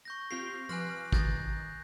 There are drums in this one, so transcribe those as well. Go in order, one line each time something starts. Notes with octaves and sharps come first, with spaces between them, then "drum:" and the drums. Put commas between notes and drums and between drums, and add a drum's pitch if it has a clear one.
C#6 G6 A#6
C4 F4 G4 C7
F3 B4 G#5 D6 F#6 A#6
D#3 G6 A6 A#6, drum: kick